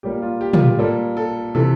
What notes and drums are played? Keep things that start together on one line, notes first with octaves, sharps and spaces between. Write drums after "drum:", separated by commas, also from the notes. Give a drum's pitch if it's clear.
A#2 G3 A#3 G4
F4
G4
F4, drum: tom
G4
A#2 G3 A#3 A4
A4
C3 E3 A4